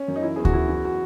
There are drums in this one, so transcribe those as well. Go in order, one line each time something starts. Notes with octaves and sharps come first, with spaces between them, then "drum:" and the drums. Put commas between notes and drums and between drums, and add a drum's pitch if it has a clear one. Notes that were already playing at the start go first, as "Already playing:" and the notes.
Already playing: C#4
F#2
D#4
E3 E4
E2 G#4
F#4, drum: kick D2
E3 E4
E3
F#4